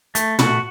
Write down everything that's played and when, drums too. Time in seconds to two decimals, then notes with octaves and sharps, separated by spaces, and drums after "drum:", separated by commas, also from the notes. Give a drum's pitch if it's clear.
0.15 A3, drum: hi-hat
0.39 F#4, drum: tom